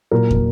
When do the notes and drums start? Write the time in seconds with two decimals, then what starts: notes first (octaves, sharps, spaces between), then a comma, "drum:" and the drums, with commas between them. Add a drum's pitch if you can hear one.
0.11 A#2 F#3 A#4
0.31 drum: kick